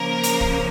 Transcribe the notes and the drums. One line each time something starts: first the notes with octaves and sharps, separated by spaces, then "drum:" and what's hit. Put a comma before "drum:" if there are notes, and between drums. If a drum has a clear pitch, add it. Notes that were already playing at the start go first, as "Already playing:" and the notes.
Already playing: C#3 F3 A#3 A#4
drum: hi-hat
drum: kick